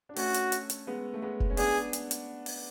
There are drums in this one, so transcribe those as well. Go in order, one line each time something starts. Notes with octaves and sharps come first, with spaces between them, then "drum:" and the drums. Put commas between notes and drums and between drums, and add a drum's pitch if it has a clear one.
D4
A3 C#4 F#4, drum: open hi-hat
drum: hi-hat
drum: hi-hat
drum: hi-hat
G#3 B3
A3
G#3 B3
drum: kick F1
C#4
B3 D4 G#4, drum: open hi-hat
drum: hi-hat
drum: hi-hat
drum: open hi-hat